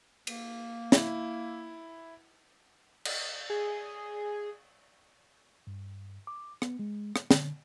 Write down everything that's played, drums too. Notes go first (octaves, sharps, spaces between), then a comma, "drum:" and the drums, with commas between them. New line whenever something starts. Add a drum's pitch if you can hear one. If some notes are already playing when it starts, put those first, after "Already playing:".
A#3, drum: cymbal
E4, drum: snare
drum: cymbal
G#4
G2
D6
B3, drum: rim click
G#3
drum: rim click
D3, drum: snare